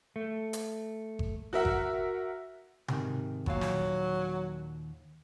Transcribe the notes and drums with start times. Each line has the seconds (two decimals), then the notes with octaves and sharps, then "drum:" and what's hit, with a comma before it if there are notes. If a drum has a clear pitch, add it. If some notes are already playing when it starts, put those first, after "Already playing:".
0.16 A3
0.53 drum: hi-hat
1.19 drum: kick G1
1.53 F#4 A#4 E5 F#5
1.65 drum: kick G1
2.88 G#2 C3 D#3, drum: tom C3
3.46 D#2 A#2 F#3 F5, drum: kick G1
3.61 drum: snare